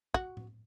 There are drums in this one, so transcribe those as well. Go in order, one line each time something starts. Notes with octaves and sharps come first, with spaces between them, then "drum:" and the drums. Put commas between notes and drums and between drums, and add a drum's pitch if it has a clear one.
F#4, drum: kick
drum: tom A2